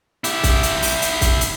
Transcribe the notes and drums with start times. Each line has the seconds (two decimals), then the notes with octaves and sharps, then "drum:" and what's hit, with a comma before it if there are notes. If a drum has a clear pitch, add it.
0.24 E4 G4, drum: hi-hat
0.43 drum: kick, hi-hat
0.63 drum: hi-hat
0.82 drum: open hi-hat
1.02 drum: hi-hat
1.21 drum: kick, hi-hat
1.41 drum: hi-hat